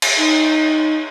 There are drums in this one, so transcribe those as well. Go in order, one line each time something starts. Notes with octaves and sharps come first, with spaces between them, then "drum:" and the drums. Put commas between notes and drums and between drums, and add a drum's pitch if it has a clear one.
drum: cymbal
D#4